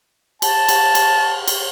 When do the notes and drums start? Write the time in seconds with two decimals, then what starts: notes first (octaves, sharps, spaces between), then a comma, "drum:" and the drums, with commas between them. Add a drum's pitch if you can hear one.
0.42 A5, drum: cymbal
0.69 drum: cymbal
0.95 drum: cymbal
1.48 drum: cymbal